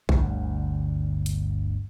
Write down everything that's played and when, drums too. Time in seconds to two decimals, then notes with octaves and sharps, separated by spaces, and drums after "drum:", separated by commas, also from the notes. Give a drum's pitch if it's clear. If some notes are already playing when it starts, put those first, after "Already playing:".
0.09 G1 D2 G2, drum: kick A#1
1.26 drum: hi-hat